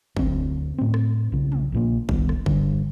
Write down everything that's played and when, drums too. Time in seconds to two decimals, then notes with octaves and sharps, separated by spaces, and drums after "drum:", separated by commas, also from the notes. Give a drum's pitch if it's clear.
0.17 D2 F#3 C4, drum: kick
0.78 A2 C4
0.94 drum: rim click
1.32 B1 C#3
1.52 drum: tom
1.72 A#1 A#2 A#3
2.09 C2 D#3 B3, drum: kick
2.29 drum: rim click
2.46 G2 D3, drum: kick